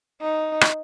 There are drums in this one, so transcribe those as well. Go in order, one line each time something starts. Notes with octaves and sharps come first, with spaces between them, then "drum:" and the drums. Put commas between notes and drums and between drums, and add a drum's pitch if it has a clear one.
D#4
drum: rim click